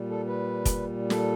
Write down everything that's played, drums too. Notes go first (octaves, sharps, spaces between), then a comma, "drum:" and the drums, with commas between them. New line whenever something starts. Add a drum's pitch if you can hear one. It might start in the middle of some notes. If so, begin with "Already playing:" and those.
Already playing: A#2 G3
A4
B4
drum: kick, hi-hat
A4, drum: snare